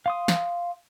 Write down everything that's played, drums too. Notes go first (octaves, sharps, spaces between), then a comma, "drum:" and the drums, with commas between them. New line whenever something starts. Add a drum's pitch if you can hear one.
F5 C6 D#6
drum: snare